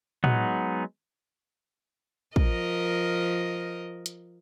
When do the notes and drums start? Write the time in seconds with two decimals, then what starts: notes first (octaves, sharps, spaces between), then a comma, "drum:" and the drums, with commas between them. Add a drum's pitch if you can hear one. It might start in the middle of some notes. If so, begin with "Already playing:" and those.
0.24 F#3 G#3 B3 D#4 F#5, drum: tom
2.36 F3 A#4 D#5, drum: kick
4.06 drum: hi-hat